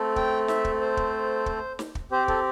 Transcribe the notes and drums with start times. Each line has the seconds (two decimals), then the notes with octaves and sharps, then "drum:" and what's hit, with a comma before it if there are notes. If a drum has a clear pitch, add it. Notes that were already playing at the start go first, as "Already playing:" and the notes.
Already playing: A3 C4 A4
0.16 G5, drum: kick
0.48 E5, drum: snare
0.65 drum: kick
0.81 C5
0.97 drum: kick
1.46 drum: kick
1.79 drum: snare
1.95 drum: kick
2.11 C4 G4 C5
2.28 A4, drum: kick